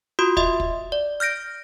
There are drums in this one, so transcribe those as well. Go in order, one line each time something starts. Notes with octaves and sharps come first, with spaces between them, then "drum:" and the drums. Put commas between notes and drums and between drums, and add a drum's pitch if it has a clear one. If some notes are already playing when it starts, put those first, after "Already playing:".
F4 F#4 C6 D#6
D#5 E5 C6, drum: kick
drum: kick
D5
F6 G6 A#6 D7